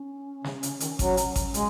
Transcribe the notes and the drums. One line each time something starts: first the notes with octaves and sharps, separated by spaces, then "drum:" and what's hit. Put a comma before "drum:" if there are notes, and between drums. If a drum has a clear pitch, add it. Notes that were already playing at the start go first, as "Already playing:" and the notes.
Already playing: C#4
C#3, drum: snare
C#3, drum: hi-hat
D#3, drum: hi-hat
F#3, drum: kick G#1, hi-hat
drum: hi-hat
drum: kick G#1, hi-hat
G#3, drum: hi-hat